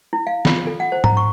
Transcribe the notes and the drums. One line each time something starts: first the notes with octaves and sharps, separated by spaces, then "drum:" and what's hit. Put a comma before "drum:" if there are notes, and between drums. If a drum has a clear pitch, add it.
E4
F5
F4, drum: snare
A4
F#5
C5
A#5, drum: tom G#2
C#6